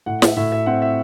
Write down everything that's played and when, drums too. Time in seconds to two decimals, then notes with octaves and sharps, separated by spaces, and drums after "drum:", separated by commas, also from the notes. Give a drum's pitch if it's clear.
0.06 A2 F#5
0.22 E5, drum: snare
0.37 A2 E5
0.52 E5
0.66 C4 F#5
0.82 E5